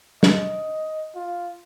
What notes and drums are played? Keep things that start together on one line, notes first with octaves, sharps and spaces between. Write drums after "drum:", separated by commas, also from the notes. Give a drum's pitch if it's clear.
D#5, drum: snare
F4